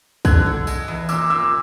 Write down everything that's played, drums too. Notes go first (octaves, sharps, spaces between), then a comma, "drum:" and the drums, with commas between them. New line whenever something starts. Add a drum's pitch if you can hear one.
D3 F#6 G#6, drum: kick, tambourine
D3
G#3, drum: tambourine
E2
A#2 D6 E6, drum: tambourine
A#2 D6 E6